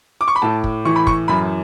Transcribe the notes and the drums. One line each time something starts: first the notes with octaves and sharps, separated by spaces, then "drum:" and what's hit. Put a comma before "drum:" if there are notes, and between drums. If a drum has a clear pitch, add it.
D6
C#6
B5
A2 A5
drum: kick
E3 C#6
B5
C#6, drum: kick
F#2 B5